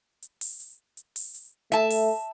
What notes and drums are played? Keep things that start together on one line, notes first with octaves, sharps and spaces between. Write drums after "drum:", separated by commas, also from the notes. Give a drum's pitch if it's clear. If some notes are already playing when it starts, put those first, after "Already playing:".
drum: hi-hat
drum: open hi-hat
drum: hi-hat
drum: hi-hat
drum: open hi-hat
drum: hi-hat
A3 E5 A5, drum: hi-hat
drum: open hi-hat